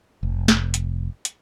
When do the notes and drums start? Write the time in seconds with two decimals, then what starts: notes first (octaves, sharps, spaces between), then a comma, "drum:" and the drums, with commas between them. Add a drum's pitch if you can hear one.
0.23 F1
0.48 drum: snare
0.74 drum: hi-hat
1.25 drum: hi-hat